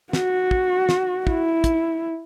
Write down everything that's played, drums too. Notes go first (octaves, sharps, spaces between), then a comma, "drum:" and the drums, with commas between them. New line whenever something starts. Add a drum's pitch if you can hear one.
F#4, drum: snare
drum: kick
drum: snare
E4, drum: kick
drum: kick, hi-hat